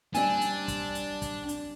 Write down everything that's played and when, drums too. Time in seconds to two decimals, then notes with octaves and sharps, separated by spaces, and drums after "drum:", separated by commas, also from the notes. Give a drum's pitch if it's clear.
0.15 G3 C4 D4 G#5, drum: hi-hat
0.41 drum: hi-hat
0.68 drum: kick, hi-hat
0.95 drum: hi-hat
1.22 drum: kick, hi-hat
1.49 drum: hi-hat